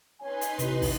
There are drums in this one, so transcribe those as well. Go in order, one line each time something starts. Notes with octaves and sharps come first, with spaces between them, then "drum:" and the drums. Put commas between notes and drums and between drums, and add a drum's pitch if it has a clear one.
C#4 D#4 B4 G#5 C6
drum: hi-hat
A1 C3, drum: hi-hat
drum: kick, open hi-hat